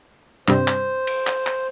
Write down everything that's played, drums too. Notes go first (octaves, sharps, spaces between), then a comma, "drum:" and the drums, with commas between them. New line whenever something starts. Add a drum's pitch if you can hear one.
G2 C3 C5, drum: clap
drum: clap
drum: cymbal
drum: clap
drum: clap